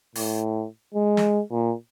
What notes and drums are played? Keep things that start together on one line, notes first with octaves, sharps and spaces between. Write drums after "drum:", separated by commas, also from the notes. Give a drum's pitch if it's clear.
A2, drum: open hi-hat
G#3
drum: snare
A#2